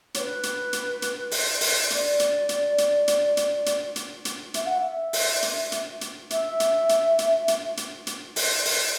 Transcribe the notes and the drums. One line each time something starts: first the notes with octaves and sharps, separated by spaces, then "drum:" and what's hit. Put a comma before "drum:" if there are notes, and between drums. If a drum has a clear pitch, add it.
C#5, drum: hi-hat
B4
drum: hi-hat
drum: hi-hat
drum: hi-hat
drum: open hi-hat
drum: open hi-hat
D5, drum: hi-hat
drum: hi-hat
drum: hi-hat
drum: hi-hat
drum: hi-hat
drum: hi-hat
drum: hi-hat
drum: hi-hat
drum: hi-hat
E5, drum: hi-hat
F#5
E5
drum: open hi-hat
drum: hi-hat
drum: hi-hat
drum: hi-hat
E5, drum: hi-hat
drum: hi-hat
drum: hi-hat
drum: hi-hat
drum: hi-hat
drum: hi-hat
drum: hi-hat
drum: open hi-hat
drum: open hi-hat